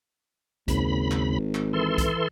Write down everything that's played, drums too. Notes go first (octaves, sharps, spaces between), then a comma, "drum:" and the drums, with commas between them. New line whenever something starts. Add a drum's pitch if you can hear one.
G#1 D#2 C#3 B5, drum: kick B1, hi-hat
drum: clap
drum: clap
E3 A4 C6
drum: kick B1, hi-hat